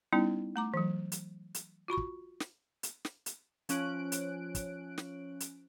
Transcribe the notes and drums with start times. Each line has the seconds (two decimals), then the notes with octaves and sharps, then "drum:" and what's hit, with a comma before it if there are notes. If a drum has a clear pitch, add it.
0.12 G3 B3 C#4 D#4 E4
0.56 A3 A#5 D6
0.74 E3 F#3
1.12 drum: hi-hat
1.55 drum: hi-hat
1.88 F4 F#4 B5 C#6
1.97 drum: kick
2.40 drum: snare
2.83 drum: hi-hat
3.05 drum: snare
3.26 drum: hi-hat
3.69 F3 C#4 F#6 D7, drum: hi-hat
4.12 drum: hi-hat
4.55 drum: kick, hi-hat
4.98 drum: snare
5.40 drum: hi-hat